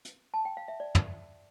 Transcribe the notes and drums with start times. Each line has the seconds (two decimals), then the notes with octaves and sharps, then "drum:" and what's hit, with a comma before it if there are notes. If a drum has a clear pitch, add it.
0.05 drum: hi-hat
0.34 A5
0.45 G5
0.57 F5
0.68 E5
0.80 D5
0.95 drum: tom